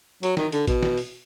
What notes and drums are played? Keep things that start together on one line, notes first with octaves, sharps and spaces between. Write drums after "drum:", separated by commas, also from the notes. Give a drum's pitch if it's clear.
F#3, drum: hi-hat
D#3, drum: snare
D3, drum: hi-hat
B2, drum: kick A1, hi-hat
drum: snare
drum: open hi-hat